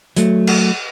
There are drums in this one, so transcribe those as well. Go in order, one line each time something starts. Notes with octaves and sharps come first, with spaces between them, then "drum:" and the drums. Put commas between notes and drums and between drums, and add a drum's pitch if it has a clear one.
F#3 A3, drum: hi-hat
drum: cymbal